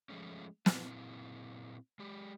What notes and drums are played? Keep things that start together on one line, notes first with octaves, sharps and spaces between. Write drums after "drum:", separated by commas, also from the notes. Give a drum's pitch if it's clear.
F3 G#3 A3 C#4
A#2 C4 E4, drum: snare
G#3 G4